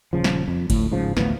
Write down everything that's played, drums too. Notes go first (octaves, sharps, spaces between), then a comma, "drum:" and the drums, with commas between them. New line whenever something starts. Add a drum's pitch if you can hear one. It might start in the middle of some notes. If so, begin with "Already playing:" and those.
D#1 C#3 F3
drum: snare
F2
D2 A2, drum: kick G1, cymbal
G#2 C#3 F3
D2 A2 E3 B3, drum: snare